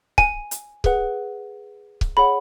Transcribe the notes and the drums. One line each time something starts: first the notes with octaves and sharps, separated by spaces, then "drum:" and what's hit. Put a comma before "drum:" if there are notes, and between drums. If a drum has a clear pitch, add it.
G#5, drum: kick C#1
drum: hi-hat
G#4 B4 F#5, drum: kick C#1
drum: kick C#1
G#4 C#5 F#5 B5